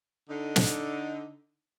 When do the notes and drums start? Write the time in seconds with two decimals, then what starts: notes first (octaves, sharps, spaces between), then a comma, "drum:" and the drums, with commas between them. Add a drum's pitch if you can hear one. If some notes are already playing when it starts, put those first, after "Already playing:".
0.30 D3 D#4
0.56 drum: snare